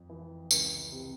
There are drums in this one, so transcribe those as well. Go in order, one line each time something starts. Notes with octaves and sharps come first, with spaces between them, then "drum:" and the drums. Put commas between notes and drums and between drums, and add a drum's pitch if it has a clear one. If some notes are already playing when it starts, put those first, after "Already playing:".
Already playing: F2
E3
C#2, drum: tambourine
C3